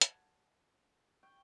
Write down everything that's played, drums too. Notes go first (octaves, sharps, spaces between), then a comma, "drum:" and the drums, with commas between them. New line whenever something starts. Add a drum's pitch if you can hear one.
F#5 G#5 A5, drum: hi-hat
G5 C#6